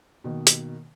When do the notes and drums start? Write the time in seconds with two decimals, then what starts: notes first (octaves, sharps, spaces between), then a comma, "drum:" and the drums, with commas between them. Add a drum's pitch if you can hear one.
0.24 B2 D#3 A#3
0.47 drum: hi-hat